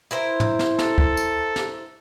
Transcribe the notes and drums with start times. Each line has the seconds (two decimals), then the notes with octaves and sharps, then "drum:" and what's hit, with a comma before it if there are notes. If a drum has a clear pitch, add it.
0.11 E4 A#4 C5
0.40 drum: tom A2
0.59 drum: snare
0.79 A4, drum: snare
0.98 drum: kick C#2
1.17 drum: tambourine
1.56 drum: snare